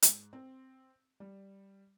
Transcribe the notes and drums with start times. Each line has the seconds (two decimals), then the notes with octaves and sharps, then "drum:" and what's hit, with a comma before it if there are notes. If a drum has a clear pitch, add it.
0.02 G#2, drum: hi-hat
0.33 C4
1.20 G3